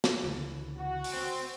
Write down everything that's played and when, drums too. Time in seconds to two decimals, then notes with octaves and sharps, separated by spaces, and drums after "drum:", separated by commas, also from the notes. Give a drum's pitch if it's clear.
0.04 drum: snare
0.24 C#2 D3 E3
0.77 F#4
1.04 drum: open hi-hat
1.14 C4